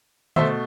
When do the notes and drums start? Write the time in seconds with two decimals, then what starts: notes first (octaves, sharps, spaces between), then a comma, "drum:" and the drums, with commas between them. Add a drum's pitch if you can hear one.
0.36 B2 A3 C5 E5, drum: tom D3